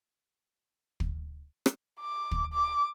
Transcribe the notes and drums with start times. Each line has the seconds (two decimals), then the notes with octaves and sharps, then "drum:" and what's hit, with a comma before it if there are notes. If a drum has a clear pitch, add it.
1.00 drum: kick
1.66 drum: rim click
2.00 D6
2.31 drum: kick
2.53 D6